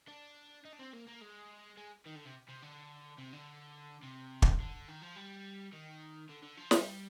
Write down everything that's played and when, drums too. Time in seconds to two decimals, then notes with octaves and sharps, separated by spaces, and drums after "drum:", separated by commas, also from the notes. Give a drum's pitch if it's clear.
0.08 D4
0.65 D#4
0.73 D4
0.79 C4
0.93 A#3
1.07 A#3
1.21 G#3
1.77 G#3
2.06 D#3
2.15 D3
2.25 C3
2.48 C3
2.62 D3
3.18 C3
3.33 D3
4.03 C3
4.42 drum: kick
4.60 D3
4.88 D#3
5.02 F3
5.16 G3
5.73 D#3
6.29 D3
6.43 D3
6.57 F3
6.71 G3, drum: snare